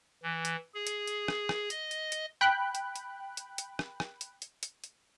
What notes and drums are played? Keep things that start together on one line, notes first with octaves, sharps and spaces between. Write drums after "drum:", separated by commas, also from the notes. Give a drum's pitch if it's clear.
E3
drum: hi-hat
G#4
drum: hi-hat
drum: hi-hat
drum: rim click
drum: rim click
D#5, drum: hi-hat
drum: hi-hat
drum: hi-hat
G5 B5 F#6
drum: hi-hat
drum: hi-hat
drum: hi-hat
drum: hi-hat
drum: rim click
drum: rim click
drum: hi-hat
drum: hi-hat
drum: hi-hat
drum: hi-hat